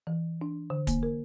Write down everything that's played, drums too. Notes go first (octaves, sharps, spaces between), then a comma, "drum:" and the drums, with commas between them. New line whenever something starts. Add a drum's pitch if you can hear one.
E3
D4
D3
A#3, drum: kick, hi-hat
A#4